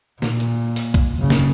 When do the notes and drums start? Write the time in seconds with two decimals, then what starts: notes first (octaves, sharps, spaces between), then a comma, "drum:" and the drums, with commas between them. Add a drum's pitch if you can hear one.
0.22 A#2, drum: snare
0.40 drum: hi-hat
0.76 drum: open hi-hat
0.94 drum: kick B1, hi-hat
1.18 F#1 C#3
1.30 drum: snare